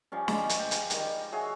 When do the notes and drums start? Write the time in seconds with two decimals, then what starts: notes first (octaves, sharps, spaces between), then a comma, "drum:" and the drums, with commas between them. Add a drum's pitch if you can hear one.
0.12 F3 G3 C#4
0.28 G#3 D5 C#6, drum: snare
0.49 drum: hi-hat
0.59 G5
0.71 drum: hi-hat
0.90 D#3 G3, drum: hi-hat
1.32 F#4 G#4 C#5 E5